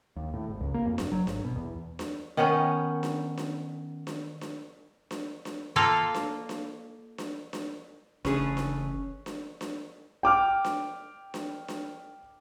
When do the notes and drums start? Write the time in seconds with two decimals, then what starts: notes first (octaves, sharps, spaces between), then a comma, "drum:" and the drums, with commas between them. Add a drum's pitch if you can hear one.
0.16 D#2
0.34 A2
0.48 G#1
0.61 C#2
0.74 A#3
0.86 F2
0.98 F#1, drum: snare D4
1.12 F#3
1.27 G#1, drum: snare D4
1.44 B2
1.56 E2
1.99 drum: snare D4
2.37 D#3 B3 C#4
3.03 drum: snare D4
3.37 drum: snare D4
4.07 drum: snare D4
4.41 drum: snare D4
5.11 drum: snare D4
5.45 drum: snare D4
5.76 A#3 F4 A4 F5
6.14 drum: snare D4
6.49 drum: snare D4
7.18 drum: snare D4
7.53 drum: snare D4
8.25 F#1 C#3 E3 A3 C#4 G#4 B4, drum: snare D4
8.57 drum: snare D4
9.26 drum: snare D4
9.61 drum: snare D4
10.23 G5 D6 F6
10.65 drum: snare D4
11.34 drum: snare D4
11.68 drum: snare D4